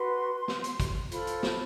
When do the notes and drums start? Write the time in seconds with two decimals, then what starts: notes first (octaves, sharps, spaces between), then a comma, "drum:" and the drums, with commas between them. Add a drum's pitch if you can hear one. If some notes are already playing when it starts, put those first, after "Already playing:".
Already playing: F#4 B4 C6
0.48 drum: snare
0.64 drum: hi-hat
0.80 drum: kick, hi-hat
1.11 F4 A4 C5 B5, drum: hi-hat
1.27 drum: hi-hat
1.43 drum: snare